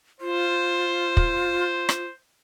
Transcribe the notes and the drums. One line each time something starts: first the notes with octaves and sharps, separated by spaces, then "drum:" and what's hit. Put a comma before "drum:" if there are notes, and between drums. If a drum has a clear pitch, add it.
F4 C5
drum: kick
drum: rim click